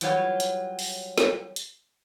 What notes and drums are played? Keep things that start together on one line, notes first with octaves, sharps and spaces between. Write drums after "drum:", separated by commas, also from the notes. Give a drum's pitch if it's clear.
E3 F#3 G3 F4 C#5 F#5, drum: hi-hat
drum: hi-hat
drum: open hi-hat
drum: snare
drum: hi-hat